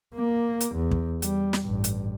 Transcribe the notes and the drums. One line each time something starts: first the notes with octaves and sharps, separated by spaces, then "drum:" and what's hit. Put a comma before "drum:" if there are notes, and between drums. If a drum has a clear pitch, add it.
A#3
drum: hi-hat
E2
drum: kick
G3, drum: hi-hat
drum: snare
A1 G2
drum: hi-hat